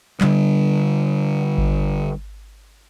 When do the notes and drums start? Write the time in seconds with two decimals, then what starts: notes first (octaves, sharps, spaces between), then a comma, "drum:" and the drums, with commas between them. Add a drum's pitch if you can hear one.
0.21 D3 G3, drum: clap
1.58 drum: kick G#1